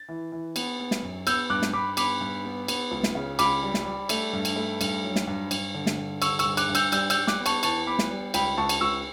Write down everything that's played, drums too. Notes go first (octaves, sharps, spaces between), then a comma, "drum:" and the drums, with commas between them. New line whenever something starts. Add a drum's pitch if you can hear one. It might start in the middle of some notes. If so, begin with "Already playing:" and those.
Already playing: A6
E3
E3
B3, drum: cymbal
B3
drum: snare
F#2
B3 E6 G6, drum: cymbal
G2 D6 F#6
drum: snare
G2 B5 D6
B3 B5 D6, drum: cymbal
G2
B3
B3, drum: cymbal
C#2
drum: snare
C#3
C#2 B5 D6, drum: cymbal
G3
drum: snare
G3
A3, drum: cymbal
G2
drum: cymbal
A3
G2, drum: cymbal
F#3
drum: snare
G2
G2, drum: cymbal
D3
drum: snare
G2
D3 C#6 E6, drum: cymbal
C#6 E6, drum: cymbal
G2
D6 F#6, drum: cymbal
G2
E6 G6, drum: cymbal
G3 E6 G6, drum: cymbal
E6 G6, drum: cymbal
G3
D6 F#6, drum: snare
B3
A5 C#6, drum: cymbal
E2 A5 C#6, drum: cymbal
B3 B5 D6
drum: snare
G3
C#2 G5 B5, drum: cymbal
C#2 A5 C#6
drum: cymbal
C#2 C#6 E6